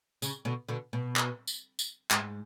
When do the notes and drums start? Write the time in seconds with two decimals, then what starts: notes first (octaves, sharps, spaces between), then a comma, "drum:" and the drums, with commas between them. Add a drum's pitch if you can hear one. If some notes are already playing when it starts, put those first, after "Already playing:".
0.22 C#3, drum: tambourine
0.45 B2 D3
0.69 B2 D3
0.93 B2
1.16 drum: clap
1.47 drum: tambourine
1.79 drum: tambourine
2.11 G#2, drum: clap